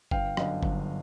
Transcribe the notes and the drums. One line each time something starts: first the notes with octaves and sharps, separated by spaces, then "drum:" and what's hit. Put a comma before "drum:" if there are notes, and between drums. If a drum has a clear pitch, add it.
G1 F5 G5, drum: kick G1
F#2 D3 D#5 F5, drum: rim click
G1, drum: kick G1